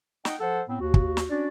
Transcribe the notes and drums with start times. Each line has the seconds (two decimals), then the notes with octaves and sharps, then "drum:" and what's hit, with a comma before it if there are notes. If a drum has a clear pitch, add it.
0.25 D#4 D#5 F#5 G5, drum: snare
0.40 F3 A4 C5 F#5
0.68 A2 B3 C4
0.80 D#2 F#4
0.94 drum: kick
1.17 drum: snare
1.30 C#4 D4 F#4 D5